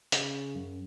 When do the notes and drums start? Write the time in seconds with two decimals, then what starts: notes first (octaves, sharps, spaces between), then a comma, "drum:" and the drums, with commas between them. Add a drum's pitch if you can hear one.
0.12 C#3, drum: hi-hat
0.55 F#2